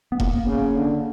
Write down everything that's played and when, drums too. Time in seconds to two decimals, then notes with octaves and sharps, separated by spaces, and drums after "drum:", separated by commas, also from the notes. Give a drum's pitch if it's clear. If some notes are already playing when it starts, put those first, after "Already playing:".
0.12 B3
0.20 A#3, drum: kick E1
0.47 C#3
0.75 D3